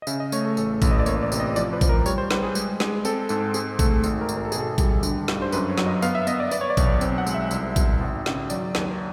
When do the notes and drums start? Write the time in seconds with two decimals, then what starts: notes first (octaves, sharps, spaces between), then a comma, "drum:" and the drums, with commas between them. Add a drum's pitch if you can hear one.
0.02 D#5
0.07 C#3 E5, drum: tambourine
0.20 D#5
0.32 A3 C#5, drum: tambourine
0.45 A4
0.57 A1 A4, drum: tambourine
0.82 A1, drum: kick A1, tambourine
0.91 D#5
0.99 D5
1.06 A#3 C#5, drum: tambourine
1.23 D5
1.32 C3, drum: tambourine
1.40 D#5
1.56 F3 D5, drum: tambourine
1.73 B4
1.81 F3, drum: kick A1, tambourine
1.89 A#4
2.06 G3 C#5, drum: tambourine
2.18 C5
2.31 G3 B4, drum: snare
2.43 G#4
2.55 G#3, drum: tambourine
2.80 G#3, drum: snare
3.05 C4 A4, drum: tambourine
3.29 G#2 A4, drum: tambourine
3.54 C4 G#4, drum: tambourine
3.79 A3 A4, drum: kick A1, tambourine
4.04 G#1, drum: tambourine
4.21 A#4
4.29 G#1, drum: tambourine
4.37 A#4
4.45 A4
4.52 B2 G#4, drum: tambourine
4.60 A4
4.78 G3, drum: kick A1, tambourine
5.03 D3, drum: tambourine
5.28 G2, drum: snare
5.42 C5
5.52 F#2 B4, drum: tambourine
5.70 C#5
5.78 F#3, drum: snare
5.86 D#5
6.02 B3 F5, drum: tambourine
6.15 E5
6.27 B3 D#5, drum: tambourine
6.40 D5
6.51 B3 D5, drum: tambourine
6.61 C#5
6.70 D5
6.77 B1, drum: kick A1, tambourine
7.01 C4, drum: tambourine
7.18 F#5
7.27 G#3, drum: tambourine
7.34 E5
7.51 C2, drum: tambourine
7.76 B2, drum: kick A1, tambourine
8.01 G#1
8.26 C#3, drum: snare
8.50 F#3 D5, drum: tambourine
8.75 D#2, drum: snare